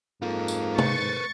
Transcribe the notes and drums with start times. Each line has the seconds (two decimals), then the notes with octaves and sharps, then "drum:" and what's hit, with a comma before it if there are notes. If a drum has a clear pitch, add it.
0.22 G#2 A#3 F4 A4
0.48 drum: tambourine
0.78 B4 C5 C#6 A6, drum: tom